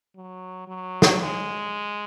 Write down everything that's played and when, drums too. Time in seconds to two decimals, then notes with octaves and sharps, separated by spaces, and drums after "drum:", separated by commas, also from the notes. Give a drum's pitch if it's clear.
0.16 F#3
0.68 F#3
1.02 drum: snare
1.21 G#3